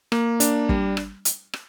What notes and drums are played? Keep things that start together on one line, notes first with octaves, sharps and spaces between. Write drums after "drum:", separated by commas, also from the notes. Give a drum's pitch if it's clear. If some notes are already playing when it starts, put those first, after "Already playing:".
A#3, drum: rim click
D4, drum: hi-hat
G3, drum: kick
drum: rim click
drum: hi-hat
drum: rim click